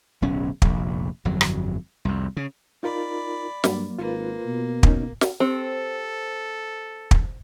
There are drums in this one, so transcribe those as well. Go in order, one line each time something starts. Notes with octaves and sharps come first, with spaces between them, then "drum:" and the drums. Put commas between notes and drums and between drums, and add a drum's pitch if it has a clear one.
D1 B1 C#4
F1 A#1, drum: kick
G1 F2 F#3
drum: rim click
C2 F2
C#3
D#4 F4 A#4 D5 B5
G2 F#3 A#3, drum: snare
G#1 A#3 F4 B4
B2
C#4 D#4 A#4, drum: kick
drum: snare
C4 G4 A4 C5 G5
drum: kick